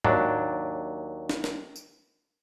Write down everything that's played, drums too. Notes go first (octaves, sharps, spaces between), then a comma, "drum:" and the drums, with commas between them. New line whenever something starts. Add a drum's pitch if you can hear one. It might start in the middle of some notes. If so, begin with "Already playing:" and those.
D#2 F#3 D4, drum: tom
drum: snare
drum: snare
drum: tambourine